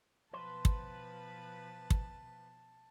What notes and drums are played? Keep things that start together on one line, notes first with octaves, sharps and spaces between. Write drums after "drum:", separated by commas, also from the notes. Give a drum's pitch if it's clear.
B2 F3 B4 C5 A5
drum: kick
drum: kick